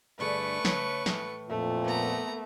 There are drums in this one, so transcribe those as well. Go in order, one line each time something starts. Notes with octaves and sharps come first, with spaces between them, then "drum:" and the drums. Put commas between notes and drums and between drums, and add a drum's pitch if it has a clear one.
G2 D3 A3 G#4 B4 C#6
C#3 C#5, drum: snare
A2 E3, drum: snare
F2 A#2 A3
A#3 B3 A#5